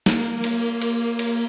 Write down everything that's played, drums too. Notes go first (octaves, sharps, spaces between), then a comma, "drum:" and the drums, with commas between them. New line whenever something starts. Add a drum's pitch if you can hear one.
A#3, drum: snare
drum: cymbal
drum: cymbal
drum: cymbal